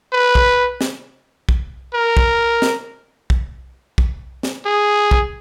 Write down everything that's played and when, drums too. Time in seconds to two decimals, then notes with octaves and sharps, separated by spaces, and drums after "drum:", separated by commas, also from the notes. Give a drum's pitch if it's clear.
0.13 B4
0.35 drum: kick
0.81 drum: snare
1.49 drum: kick
1.94 A#4
2.17 drum: kick
2.62 drum: snare
3.30 drum: kick
3.98 drum: kick
4.43 drum: snare
4.66 G#4
5.11 drum: kick